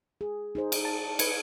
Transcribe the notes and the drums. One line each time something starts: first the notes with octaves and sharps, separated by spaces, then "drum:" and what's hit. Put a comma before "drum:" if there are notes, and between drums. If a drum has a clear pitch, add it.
G#4
D#4 G#4 C5
drum: cymbal
A5
B4 G#6 C#7, drum: cymbal